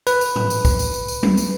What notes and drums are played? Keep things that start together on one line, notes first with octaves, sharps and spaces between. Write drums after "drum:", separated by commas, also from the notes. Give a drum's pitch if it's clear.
B4, drum: tambourine
drum: tambourine
drum: tom G#2
drum: tambourine
drum: kick, tambourine
drum: tambourine
drum: tambourine
drum: tambourine
drum: tom F#3
drum: tambourine